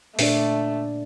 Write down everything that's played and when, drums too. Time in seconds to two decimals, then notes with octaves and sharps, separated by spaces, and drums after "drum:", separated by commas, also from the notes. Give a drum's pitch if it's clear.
0.19 A#2 A3 D4 D5, drum: open hi-hat